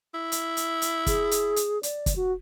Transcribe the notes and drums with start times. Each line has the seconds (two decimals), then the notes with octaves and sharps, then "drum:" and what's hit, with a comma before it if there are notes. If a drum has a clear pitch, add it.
0.14 E4
0.32 drum: hi-hat
0.57 drum: hi-hat
0.82 drum: hi-hat
1.07 G#4, drum: kick, hi-hat
1.31 drum: hi-hat
1.56 drum: hi-hat
1.83 D5, drum: hi-hat
2.06 drum: kick, hi-hat
2.16 F#4